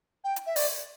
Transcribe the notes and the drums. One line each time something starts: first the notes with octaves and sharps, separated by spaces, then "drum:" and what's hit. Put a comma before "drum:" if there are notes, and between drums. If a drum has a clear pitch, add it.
G5
drum: hi-hat
E5
D5, drum: open hi-hat